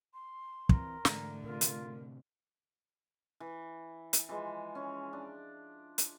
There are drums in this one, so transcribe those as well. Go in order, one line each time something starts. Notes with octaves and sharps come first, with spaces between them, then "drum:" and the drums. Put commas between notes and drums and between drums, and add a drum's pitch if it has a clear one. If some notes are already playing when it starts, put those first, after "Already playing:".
C6
E3 C4 A#4, drum: kick
G#2 D3 E3 A3, drum: snare
A2 C3 F4 A#4
drum: hi-hat
E3
drum: hi-hat
E3 F3 G#3
C#4
D4
drum: hi-hat